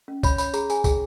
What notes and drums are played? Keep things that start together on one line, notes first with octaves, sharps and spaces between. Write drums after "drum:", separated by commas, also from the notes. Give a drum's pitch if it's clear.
C#4
C#5 B5, drum: kick, tambourine
C#5 B5, drum: tambourine
G#4 A#5, drum: tambourine
G#4 G#5, drum: tambourine
G#4 G5, drum: kick, tambourine